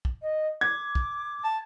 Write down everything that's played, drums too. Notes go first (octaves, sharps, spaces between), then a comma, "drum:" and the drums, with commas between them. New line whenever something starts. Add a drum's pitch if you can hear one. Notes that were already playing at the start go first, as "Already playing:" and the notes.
drum: kick
D#5
D6 G#6
drum: kick
A5